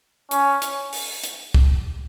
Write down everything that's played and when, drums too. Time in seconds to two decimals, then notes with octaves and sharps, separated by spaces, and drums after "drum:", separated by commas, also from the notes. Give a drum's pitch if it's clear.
0.31 C#4, drum: hi-hat
0.62 drum: hi-hat
0.93 drum: open hi-hat
1.24 drum: hi-hat
1.54 drum: kick C2